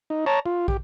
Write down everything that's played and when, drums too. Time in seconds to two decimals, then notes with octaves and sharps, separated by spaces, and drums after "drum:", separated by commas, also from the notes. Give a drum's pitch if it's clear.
0.10 D#4
0.26 C#5 A5 A#5
0.46 F4
0.68 G4, drum: kick